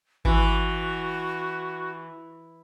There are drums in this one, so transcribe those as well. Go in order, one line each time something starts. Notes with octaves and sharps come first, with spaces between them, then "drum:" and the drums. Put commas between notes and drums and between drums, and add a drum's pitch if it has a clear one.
E3 F#4, drum: kick G#1